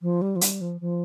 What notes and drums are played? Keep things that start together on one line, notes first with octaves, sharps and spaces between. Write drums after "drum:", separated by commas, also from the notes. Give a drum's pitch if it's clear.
F3
G3
F3
G3, drum: hi-hat
F3
F3